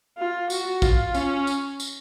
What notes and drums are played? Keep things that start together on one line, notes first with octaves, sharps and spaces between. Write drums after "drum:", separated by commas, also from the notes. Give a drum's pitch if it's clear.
F4
F#4, drum: tambourine
F4, drum: kick, tambourine
C#4, drum: tambourine
drum: tambourine
drum: tambourine